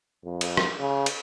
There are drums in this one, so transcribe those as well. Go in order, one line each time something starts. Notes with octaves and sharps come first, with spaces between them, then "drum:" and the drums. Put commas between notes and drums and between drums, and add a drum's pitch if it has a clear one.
F2
drum: cymbal
drum: rim click
C#3
drum: cymbal